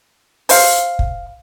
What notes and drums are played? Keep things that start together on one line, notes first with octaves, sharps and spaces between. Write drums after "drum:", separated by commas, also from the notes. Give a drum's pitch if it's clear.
C5 F5, drum: open hi-hat
drum: kick